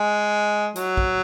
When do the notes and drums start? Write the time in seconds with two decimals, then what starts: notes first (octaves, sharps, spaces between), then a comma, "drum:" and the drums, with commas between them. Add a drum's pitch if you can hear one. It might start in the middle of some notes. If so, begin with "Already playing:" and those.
Already playing: G#3
0.75 F#3, drum: hi-hat
0.97 drum: kick A#1